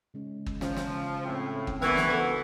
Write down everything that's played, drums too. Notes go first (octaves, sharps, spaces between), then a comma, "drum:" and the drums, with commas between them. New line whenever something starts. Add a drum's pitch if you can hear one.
C#3 G#3 C#4
drum: kick
C#3 F3 C#4 F4, drum: snare
drum: snare
A2 C4
drum: kick
D2 E3 B3 A#4 C#6 G#6, drum: snare
drum: snare
A4 C5 F#5